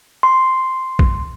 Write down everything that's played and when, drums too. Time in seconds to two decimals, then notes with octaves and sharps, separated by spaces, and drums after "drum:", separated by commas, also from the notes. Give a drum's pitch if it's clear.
0.23 C6
0.99 drum: kick A#1